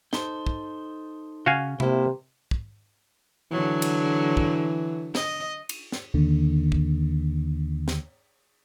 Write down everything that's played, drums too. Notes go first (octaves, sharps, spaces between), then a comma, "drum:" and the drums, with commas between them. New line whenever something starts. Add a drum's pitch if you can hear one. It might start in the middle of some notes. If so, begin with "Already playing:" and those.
D#4 A4 C5, drum: snare
drum: kick
C#3 F#4 F5 G#5
C3 A#3 E4, drum: tom C3
drum: kick
D3 E3 F#3
drum: cymbal
drum: kick
D#5, drum: snare
drum: cymbal
drum: snare
D#2 D3
drum: kick
drum: snare